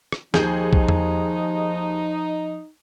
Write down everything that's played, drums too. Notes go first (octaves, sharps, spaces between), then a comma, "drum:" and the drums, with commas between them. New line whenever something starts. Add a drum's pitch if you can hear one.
drum: rim click
D#2 F3 D#4 G#4 G6, drum: snare
drum: kick B1
drum: tom E2